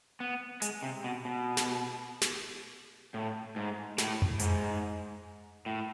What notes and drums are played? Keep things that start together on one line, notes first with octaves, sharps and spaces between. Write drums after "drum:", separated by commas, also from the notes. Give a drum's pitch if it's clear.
B3
G#3, drum: hi-hat
C3
B2
B2
drum: snare
drum: snare
A2
G#2
A2, drum: snare
drum: tom F2
G#2, drum: hi-hat
A2